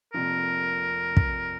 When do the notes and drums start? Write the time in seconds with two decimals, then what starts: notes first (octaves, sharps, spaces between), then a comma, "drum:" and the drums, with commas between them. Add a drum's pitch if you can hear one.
0.14 F1 F2 C3 F3 A#3 A#4
1.17 drum: kick